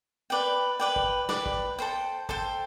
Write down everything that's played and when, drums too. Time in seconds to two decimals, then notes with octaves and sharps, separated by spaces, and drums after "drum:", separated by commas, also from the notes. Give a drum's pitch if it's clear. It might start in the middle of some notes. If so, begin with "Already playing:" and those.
0.30 B4 D5 G5
0.80 B4 D5 G5
0.96 drum: kick
1.29 B4 D5 G5, drum: snare
1.46 drum: kick
1.79 A4 C5 G5
2.29 A4 C5 G5, drum: kick